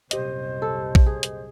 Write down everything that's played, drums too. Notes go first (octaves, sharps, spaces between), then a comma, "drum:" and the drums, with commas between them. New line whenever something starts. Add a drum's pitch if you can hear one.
C2 F#2 A#2 G4 C5 D#5, drum: hi-hat
A4
drum: kick A#1
G#4
drum: hi-hat